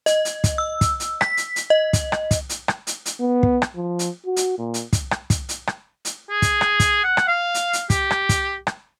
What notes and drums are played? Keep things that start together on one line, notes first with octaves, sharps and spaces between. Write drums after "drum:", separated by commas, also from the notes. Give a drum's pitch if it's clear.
D#5, drum: hi-hat
drum: hi-hat
drum: kick, hi-hat
E6
drum: kick, hi-hat
drum: hi-hat
B6, drum: rim click
drum: hi-hat
drum: hi-hat
D#5
drum: kick, hi-hat
drum: rim click
drum: kick, hi-hat
drum: hi-hat
drum: rim click
drum: hi-hat
drum: hi-hat
B3
drum: kick
drum: rim click
F3
drum: hi-hat
F#4
drum: hi-hat
A#2
drum: hi-hat
drum: kick, hi-hat
drum: rim click
drum: kick, hi-hat
drum: hi-hat
drum: rim click
drum: hi-hat
G#4
drum: kick, hi-hat
drum: rim click
drum: kick, hi-hat
F#5
drum: rim click
F5
drum: hi-hat
drum: hi-hat
G4, drum: kick, hi-hat
drum: rim click
drum: kick, hi-hat
drum: rim click